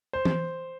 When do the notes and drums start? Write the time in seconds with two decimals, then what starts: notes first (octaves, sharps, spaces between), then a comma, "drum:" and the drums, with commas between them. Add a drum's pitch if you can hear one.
0.13 C5
0.25 drum: tom